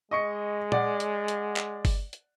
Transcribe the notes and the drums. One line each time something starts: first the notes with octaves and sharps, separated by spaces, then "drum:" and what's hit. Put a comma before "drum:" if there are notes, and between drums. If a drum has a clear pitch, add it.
G#3 D#5 C#6 C#7
D5 F#5, drum: tom
drum: hi-hat
drum: hi-hat
drum: clap
drum: kick G1, open hi-hat
drum: hi-hat